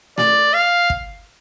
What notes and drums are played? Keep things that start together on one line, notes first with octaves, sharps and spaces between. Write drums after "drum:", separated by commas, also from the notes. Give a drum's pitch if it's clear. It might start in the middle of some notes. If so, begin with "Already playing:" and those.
D5, drum: snare A3
F5
drum: kick